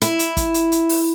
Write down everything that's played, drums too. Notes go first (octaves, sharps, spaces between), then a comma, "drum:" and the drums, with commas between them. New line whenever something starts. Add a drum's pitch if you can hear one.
E4, drum: hi-hat
drum: hi-hat
drum: kick, hi-hat
drum: hi-hat
drum: hi-hat
drum: open hi-hat